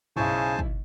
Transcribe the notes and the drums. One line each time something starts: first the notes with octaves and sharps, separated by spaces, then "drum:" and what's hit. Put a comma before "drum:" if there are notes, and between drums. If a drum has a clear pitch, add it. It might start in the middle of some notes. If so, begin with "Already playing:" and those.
B1 C#3 E4 C5 G#5 A5 C#6, drum: tom F#2
drum: kick